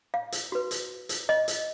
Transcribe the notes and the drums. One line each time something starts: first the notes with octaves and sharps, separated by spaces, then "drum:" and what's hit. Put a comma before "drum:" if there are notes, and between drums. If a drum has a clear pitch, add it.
F5
drum: hi-hat
F#4 B4
drum: hi-hat
drum: hi-hat
D#5
drum: hi-hat